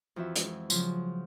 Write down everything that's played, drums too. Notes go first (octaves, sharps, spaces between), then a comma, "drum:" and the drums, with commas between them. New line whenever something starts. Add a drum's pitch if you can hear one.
F2 E3 F#4 E5
G#3, drum: hi-hat
C#3 F3 F#3, drum: tambourine